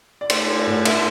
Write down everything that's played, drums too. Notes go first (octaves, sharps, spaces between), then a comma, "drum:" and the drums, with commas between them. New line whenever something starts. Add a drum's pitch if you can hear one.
D5
A3 C5, drum: cymbal
A3
D5
A2
A3 E5, drum: cymbal